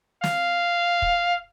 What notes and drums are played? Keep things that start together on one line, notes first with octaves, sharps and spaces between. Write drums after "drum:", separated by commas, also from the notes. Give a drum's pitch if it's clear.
F5, drum: snare
drum: kick